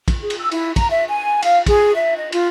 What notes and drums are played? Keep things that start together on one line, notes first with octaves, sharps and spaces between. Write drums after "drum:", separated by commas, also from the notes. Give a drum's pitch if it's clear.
drum: kick, cymbal
G#4
drum: cymbal
E6
E4, drum: cymbal
A#5, drum: kick, cymbal
E5
G#5
F5, drum: cymbal
G#4, drum: kick, cymbal
E5
D#5
F4, drum: cymbal